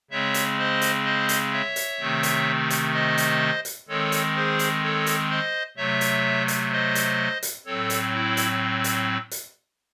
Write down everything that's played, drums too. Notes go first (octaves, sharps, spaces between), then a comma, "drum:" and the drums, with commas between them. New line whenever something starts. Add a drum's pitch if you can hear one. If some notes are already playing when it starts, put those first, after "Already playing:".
C#3 G#3 C4 C#5 E5
drum: hi-hat
C5 D#5
drum: hi-hat
C5 D#5
drum: hi-hat
C#5 E5
drum: hi-hat
C3 D#3 A3 C4
drum: hi-hat
drum: hi-hat
C5 D#5
drum: hi-hat
drum: hi-hat
D#3 G#3 C4 A4 C#5
drum: hi-hat
G#4 C5
drum: hi-hat
A4 C#5
drum: hi-hat
C5 D#5
C3 F#3 A3 C#5 E5
drum: hi-hat
drum: hi-hat
C5 D#5
drum: hi-hat
drum: hi-hat
A2 F#3 C4 A4 C#5
drum: hi-hat
E4
drum: hi-hat
drum: hi-hat
drum: hi-hat